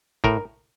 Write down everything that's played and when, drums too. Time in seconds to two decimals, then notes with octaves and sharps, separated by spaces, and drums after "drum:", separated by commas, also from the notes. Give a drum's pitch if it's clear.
0.24 A2 A#4, drum: kick